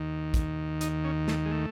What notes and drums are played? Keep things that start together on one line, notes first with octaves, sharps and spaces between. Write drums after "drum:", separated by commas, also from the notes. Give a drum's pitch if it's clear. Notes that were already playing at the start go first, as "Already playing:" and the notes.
Already playing: D#2 D#3
drum: kick, hi-hat
D#4, drum: hi-hat
C#4
A3, drum: snare
G#3
A3